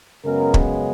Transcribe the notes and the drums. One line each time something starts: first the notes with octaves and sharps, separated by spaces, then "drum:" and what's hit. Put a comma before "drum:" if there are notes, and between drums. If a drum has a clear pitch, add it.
F#2 C#3 G#3 B3 A#4
drum: kick